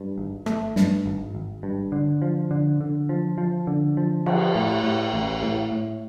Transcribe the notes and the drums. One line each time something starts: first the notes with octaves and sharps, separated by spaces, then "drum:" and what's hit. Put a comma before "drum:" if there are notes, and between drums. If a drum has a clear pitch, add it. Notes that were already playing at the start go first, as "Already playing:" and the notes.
Already playing: G2
G#1
A3, drum: rim click
G2, drum: snare
G#1
G#1
G2
D3
F3
D3
D3
F3
F3
D3
F3
F3, drum: cymbal
A2
A2
A1
A2
A2